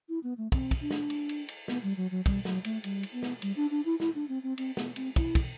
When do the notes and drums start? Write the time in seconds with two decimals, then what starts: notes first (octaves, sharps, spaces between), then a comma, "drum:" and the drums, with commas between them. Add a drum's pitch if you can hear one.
0.09 E4
0.23 B3
0.38 A3
0.52 C4, drum: kick, cymbal
0.71 drum: kick, cymbal
0.81 D4
0.91 drum: snare
1.10 drum: cymbal
1.29 drum: cymbal
1.49 drum: cymbal
1.68 B3, drum: snare
1.83 G3
1.97 F#3
2.11 F#3
2.26 G3, drum: kick, cymbal
2.45 F#3, drum: snare
2.65 A3, drum: cymbal
2.84 G3, drum: cymbal
3.03 drum: cymbal
3.13 B3
3.23 drum: snare
3.42 G3, drum: cymbal
3.56 D4
3.71 D4
3.85 E4
4.00 E4, drum: snare
4.15 D4
4.29 C4
4.43 C4
4.58 C4, drum: cymbal
4.77 B3, drum: snare
4.96 C4, drum: cymbal
5.16 E4, drum: kick, cymbal
5.35 drum: kick, cymbal